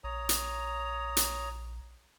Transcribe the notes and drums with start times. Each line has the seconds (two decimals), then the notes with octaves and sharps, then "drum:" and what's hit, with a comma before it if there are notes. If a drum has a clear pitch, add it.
0.04 A#1 C#5 A#5 D#6
0.29 drum: hi-hat
1.17 drum: hi-hat